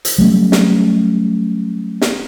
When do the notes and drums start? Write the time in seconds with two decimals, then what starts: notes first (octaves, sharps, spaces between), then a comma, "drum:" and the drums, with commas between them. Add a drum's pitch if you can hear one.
0.05 drum: hi-hat
0.18 F#3 G3 A3 C#4
0.52 drum: snare
2.01 drum: snare